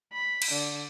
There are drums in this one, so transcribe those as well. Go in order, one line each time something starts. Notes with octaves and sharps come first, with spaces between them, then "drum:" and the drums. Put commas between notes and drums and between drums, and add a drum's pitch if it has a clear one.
B5
drum: cymbal
D3